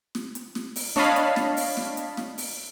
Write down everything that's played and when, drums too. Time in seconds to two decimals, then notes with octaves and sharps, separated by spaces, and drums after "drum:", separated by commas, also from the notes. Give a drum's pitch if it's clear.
0.15 drum: snare
0.35 drum: hi-hat
0.55 drum: snare
0.76 drum: open hi-hat
0.96 D4 C#5 D#5 F5 A5 B5, drum: snare
1.16 drum: hi-hat
1.36 drum: snare
1.57 drum: open hi-hat
1.77 drum: snare
1.97 drum: hi-hat
2.17 drum: snare
2.38 drum: open hi-hat